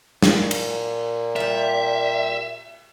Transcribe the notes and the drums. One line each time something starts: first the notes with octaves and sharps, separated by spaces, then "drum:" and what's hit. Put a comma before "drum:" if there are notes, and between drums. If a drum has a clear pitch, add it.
A#2, drum: snare
drum: cymbal
G3 F4 E5